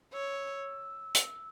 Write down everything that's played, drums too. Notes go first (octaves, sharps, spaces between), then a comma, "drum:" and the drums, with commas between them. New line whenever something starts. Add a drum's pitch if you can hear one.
C#5 E6
drum: hi-hat